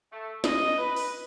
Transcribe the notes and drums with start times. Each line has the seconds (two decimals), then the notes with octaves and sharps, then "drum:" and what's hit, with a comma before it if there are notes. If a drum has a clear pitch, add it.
0.12 A3
0.44 D#5, drum: snare
0.78 B4
0.96 drum: open hi-hat